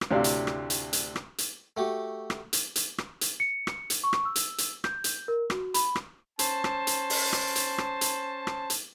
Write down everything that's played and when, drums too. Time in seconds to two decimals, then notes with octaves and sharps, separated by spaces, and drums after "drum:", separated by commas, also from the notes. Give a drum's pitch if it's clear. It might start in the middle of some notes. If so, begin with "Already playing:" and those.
0.01 drum: rim click
0.11 D2 A2 C3 D4 F5
0.24 drum: hi-hat
0.47 drum: rim click
0.70 drum: hi-hat
0.93 drum: hi-hat
1.16 drum: rim click
1.38 drum: hi-hat
1.77 A3 F#4 G4
2.30 drum: rim click
2.53 drum: hi-hat
2.76 drum: hi-hat
2.98 drum: rim click
3.21 drum: hi-hat
3.40 C#7
3.67 drum: rim click
3.90 drum: hi-hat
4.04 C#6
4.13 drum: rim click
4.25 E6
4.36 drum: hi-hat
4.58 drum: hi-hat
4.84 G6, drum: rim click
5.04 drum: hi-hat
5.28 A#4
5.50 F#4, drum: rim click
5.74 B5, drum: hi-hat
5.95 drum: rim click
6.39 C#4 C5 A5, drum: hi-hat
6.64 drum: rim click
6.87 drum: hi-hat
7.10 drum: open hi-hat
7.33 drum: rim click
7.55 drum: hi-hat
7.78 drum: rim click
8.01 drum: hi-hat
8.47 drum: rim click
8.70 drum: hi-hat